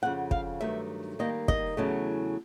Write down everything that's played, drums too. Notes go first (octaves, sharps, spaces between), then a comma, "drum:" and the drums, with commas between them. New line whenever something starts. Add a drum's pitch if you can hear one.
F2 C#3 F3 A3 F#5
F5, drum: kick
G2 D#3 F#3 A3 E5
D#3 G3 A#3 D#5
D#5, drum: kick
E2 C#3 F#3 A3